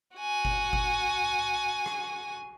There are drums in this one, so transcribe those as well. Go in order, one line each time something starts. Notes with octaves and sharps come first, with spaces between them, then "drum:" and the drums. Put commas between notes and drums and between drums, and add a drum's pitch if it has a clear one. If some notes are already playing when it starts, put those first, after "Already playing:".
F#4 G#5
drum: kick G1
drum: kick G1
drum: rim click